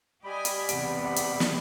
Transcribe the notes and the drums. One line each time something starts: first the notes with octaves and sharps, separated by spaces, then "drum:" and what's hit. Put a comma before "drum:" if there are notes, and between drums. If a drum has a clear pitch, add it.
G3 G4 D#5 G#5 B5
drum: hi-hat
E2 C3 F#5 D7, drum: hi-hat
F#5 D6
drum: hi-hat
drum: snare